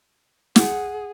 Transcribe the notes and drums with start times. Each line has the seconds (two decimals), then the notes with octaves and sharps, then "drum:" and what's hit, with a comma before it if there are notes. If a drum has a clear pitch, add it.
0.56 G#4 F#5, drum: snare